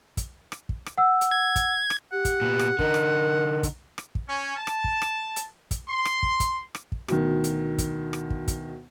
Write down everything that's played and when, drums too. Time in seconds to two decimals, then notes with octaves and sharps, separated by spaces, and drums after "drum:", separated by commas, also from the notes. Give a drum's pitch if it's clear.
0.17 drum: kick, hi-hat
0.52 drum: rim click
0.69 drum: kick
0.86 drum: rim click
0.98 F#5 E6
1.21 drum: hi-hat
1.31 G#6
1.56 drum: kick, hi-hat
1.90 drum: rim click
2.12 G4 F#5
2.25 drum: kick, hi-hat
2.42 A#2 B3
2.59 drum: rim click
2.79 D3 D#4 A#4, drum: kick
2.94 drum: rim click
3.63 drum: kick, hi-hat
3.98 drum: rim click
4.15 drum: kick
4.28 C#4
4.57 A5
4.67 drum: rim click
4.84 drum: kick
5.02 drum: rim click
5.36 drum: hi-hat
5.71 drum: kick, hi-hat
5.88 C6
6.05 drum: rim click
6.23 drum: kick
6.40 drum: kick, hi-hat
6.75 drum: rim click
6.92 drum: kick
7.08 D2 B2 D#3, drum: rim click
7.44 drum: hi-hat
7.78 drum: kick, hi-hat
8.13 drum: rim click
8.30 drum: kick
8.48 drum: kick, hi-hat